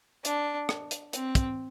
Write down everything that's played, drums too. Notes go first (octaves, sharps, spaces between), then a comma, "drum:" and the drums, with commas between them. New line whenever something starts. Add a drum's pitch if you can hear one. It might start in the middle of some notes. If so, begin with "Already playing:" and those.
D4, drum: hi-hat
drum: rim click
drum: hi-hat
C4, drum: hi-hat
drum: kick, hi-hat